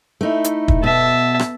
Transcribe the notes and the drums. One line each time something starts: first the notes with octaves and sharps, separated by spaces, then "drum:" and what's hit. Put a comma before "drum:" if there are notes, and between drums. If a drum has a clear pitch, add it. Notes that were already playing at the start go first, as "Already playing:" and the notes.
A3 D#4 E4
drum: hi-hat
drum: kick
B2 E5 A5
drum: rim click